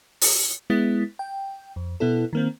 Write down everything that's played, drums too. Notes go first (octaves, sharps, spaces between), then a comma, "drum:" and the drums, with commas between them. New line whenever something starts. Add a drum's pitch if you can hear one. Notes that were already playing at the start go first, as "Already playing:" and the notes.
drum: open hi-hat
G#3 B3 E4 A6 B6
G5
F2
B2 B3 E4 A4
D#3 A#3 C4